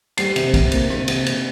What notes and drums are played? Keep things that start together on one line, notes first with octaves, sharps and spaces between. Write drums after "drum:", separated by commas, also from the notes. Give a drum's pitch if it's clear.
G3 C7, drum: cymbal
C3, drum: cymbal
C3, drum: kick, cymbal
A#3, drum: cymbal
C3, drum: rim click
C3, drum: cymbal
C3, drum: cymbal